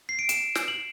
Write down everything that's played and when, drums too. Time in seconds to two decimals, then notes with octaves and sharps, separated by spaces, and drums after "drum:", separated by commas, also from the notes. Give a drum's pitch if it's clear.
0.09 C7
0.19 D7
0.29 E7, drum: hi-hat
0.55 drum: snare
0.68 F#7